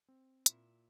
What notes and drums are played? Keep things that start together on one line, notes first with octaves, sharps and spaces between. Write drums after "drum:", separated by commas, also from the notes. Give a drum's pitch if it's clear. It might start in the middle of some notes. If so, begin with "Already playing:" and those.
C4
A#2 E4 E5, drum: hi-hat